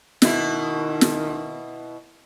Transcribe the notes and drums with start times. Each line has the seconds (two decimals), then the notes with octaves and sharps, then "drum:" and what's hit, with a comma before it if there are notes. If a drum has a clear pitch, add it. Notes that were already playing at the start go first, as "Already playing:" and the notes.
0.22 B2 D#3 E4, drum: snare
1.01 drum: snare